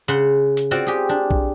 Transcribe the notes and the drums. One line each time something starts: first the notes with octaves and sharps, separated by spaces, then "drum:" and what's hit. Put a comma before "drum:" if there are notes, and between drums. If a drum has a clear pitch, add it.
C#3 F#5 C6, drum: hi-hat
drum: hi-hat
C4 F4 F#4 D5
G4 G#4
D4
drum: kick